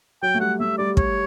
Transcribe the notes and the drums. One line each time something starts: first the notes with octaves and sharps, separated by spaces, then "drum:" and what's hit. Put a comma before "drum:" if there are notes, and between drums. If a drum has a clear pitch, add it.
F#3 G5
A3
G3 F#5
A3 E5
G3 D5
C#5, drum: kick